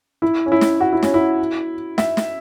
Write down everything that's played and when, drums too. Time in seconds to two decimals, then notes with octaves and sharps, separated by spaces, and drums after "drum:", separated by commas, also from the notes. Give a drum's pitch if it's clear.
0.22 E4
0.46 C#4
0.52 E4
0.61 drum: snare
0.81 F#4
0.93 E4
1.03 C#4, drum: snare
1.14 E4
1.98 E5, drum: snare
2.17 drum: snare